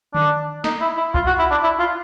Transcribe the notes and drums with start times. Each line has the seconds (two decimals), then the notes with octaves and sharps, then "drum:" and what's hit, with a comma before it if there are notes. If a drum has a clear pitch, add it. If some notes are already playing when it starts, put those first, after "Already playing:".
0.15 D4, drum: tom D3
0.64 D#4, drum: snare
0.81 E4
0.97 E4
1.14 F4, drum: kick B1
1.27 F#4
1.39 E4
1.51 D4
1.63 E4
1.79 F4